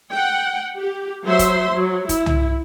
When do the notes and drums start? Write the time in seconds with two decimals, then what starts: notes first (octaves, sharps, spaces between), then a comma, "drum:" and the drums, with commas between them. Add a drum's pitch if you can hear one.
0.13 F#5 G5
0.78 G4
1.26 F#3 C5 E5 C6
1.39 drum: kick, hi-hat
1.74 F#3
2.09 E4, drum: kick, hi-hat
2.26 drum: tom